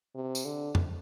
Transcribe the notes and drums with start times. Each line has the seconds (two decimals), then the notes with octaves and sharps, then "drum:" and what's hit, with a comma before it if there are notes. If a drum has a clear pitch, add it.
0.15 C3
0.35 drum: tambourine
0.45 D3
0.75 drum: tom